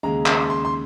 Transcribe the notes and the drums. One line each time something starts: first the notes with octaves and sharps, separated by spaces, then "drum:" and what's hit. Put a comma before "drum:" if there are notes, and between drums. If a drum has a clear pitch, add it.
D#2 C#3 G#3 A#5
C6, drum: clap
C6
C6